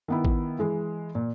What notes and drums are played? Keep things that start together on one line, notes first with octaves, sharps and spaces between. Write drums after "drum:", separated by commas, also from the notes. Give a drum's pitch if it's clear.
D#3 B3 E4
drum: kick
E3 G#3 G#4
A#2